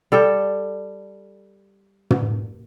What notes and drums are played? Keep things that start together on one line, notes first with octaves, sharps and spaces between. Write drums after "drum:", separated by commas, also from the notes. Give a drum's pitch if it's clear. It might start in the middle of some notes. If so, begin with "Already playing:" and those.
G3 A4 G5
drum: tom